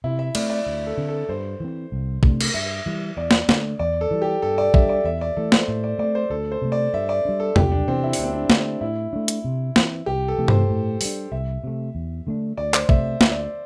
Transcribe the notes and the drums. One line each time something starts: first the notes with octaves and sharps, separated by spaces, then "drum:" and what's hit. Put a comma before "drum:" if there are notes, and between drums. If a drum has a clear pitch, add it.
C3 E4
E5
A3 C4 D5, drum: cymbal
D5
D2
A4
D3 C4
A4
G2 C5
E3 C4
C2
C3 A3 D4, drum: kick
drum: cymbal
G2 E5
E3 G3
E2 D5
drum: snare
D3 A3, drum: snare
E2 D5
A4
E3 G3
G4
G2 A4
D5
G3 D4 E5, drum: kick
D5
E2 E5
D5
E3 A3 A4
C5, drum: snare
A2
D5
A3 C4 D5
C5
D2 A4
C5
C3 A3
D5
G2 E5
D5
G3 D4
A4
C2 G4, drum: tom E2
D4
C3 E3 C4
E4
D4, drum: open hi-hat
D2 C4
D4
D3 A3, drum: snare
A2 E4
A3 D4
drum: hi-hat
C3
E3 C4, drum: snare
C2 G4
A4
C3 E3 A3
C5, drum: tom G2
A2
G3 D4, drum: open hi-hat
C2 E5
C3 A3
E2
D3 A3 D4
D2 D5
C5, drum: clap
C3 A3 E5, drum: kick
D2 E5, drum: snare
D5
E5